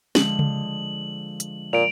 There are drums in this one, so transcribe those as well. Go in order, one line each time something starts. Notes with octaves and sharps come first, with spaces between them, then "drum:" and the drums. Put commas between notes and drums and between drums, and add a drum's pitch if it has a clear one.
D3 F3 G#3 F#7, drum: snare
drum: tom C#3
drum: hi-hat
A#2 D7 F7